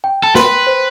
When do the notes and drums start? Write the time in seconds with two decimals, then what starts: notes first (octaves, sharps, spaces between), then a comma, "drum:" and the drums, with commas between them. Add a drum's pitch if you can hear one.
0.04 G5
0.23 A4
0.35 B4 C6, drum: snare A#4
0.67 C5